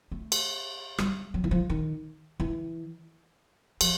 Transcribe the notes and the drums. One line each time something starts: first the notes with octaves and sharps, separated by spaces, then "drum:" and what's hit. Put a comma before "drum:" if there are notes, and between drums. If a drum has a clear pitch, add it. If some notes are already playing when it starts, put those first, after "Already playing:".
A3
drum: cymbal
G3, drum: rim click
F#3
E3
F3
D#3
E3
F3, drum: cymbal